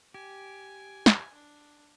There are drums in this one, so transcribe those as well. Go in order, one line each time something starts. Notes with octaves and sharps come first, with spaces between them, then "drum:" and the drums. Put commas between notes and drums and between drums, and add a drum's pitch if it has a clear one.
G4 G#5
drum: snare
D4